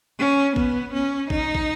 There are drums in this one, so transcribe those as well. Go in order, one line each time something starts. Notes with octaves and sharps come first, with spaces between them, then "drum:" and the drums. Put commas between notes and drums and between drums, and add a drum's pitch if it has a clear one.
C#4
B3, drum: kick
C#4
D#4, drum: kick
drum: kick